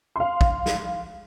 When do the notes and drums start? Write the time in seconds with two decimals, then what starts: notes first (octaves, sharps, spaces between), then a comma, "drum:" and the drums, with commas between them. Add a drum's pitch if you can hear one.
0.16 F5 C6
0.41 drum: kick
0.66 drum: snare